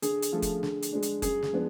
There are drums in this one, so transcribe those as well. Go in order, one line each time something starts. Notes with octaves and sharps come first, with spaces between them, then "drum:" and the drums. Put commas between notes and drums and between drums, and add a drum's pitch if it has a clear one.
D3 G#4, drum: hi-hat
drum: hi-hat
F3 A3 F4 A4
drum: kick F1, hi-hat
D3, drum: snare
drum: hi-hat
G#3 D4
drum: hi-hat
F#2 G#4, drum: kick F1, hi-hat
drum: snare
F3 G#3 B3 D4